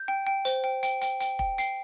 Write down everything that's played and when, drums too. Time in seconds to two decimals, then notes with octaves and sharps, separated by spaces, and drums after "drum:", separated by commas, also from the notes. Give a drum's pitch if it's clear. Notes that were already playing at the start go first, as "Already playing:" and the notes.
Already playing: G6
0.08 G5
0.27 G5
0.45 C5, drum: hi-hat
0.64 G5
0.83 G5, drum: hi-hat
1.02 G5, drum: hi-hat
1.20 G5, drum: hi-hat
1.39 G5, drum: kick
1.58 G5 C7, drum: hi-hat